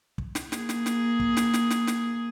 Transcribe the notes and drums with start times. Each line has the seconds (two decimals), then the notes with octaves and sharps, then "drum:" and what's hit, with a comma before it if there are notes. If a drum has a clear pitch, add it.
0.18 drum: kick
0.35 drum: snare
0.52 A#3 G#4, drum: snare
0.69 drum: snare
0.86 drum: snare
1.20 drum: kick
1.37 drum: snare
1.54 drum: snare
1.70 drum: snare
1.87 drum: snare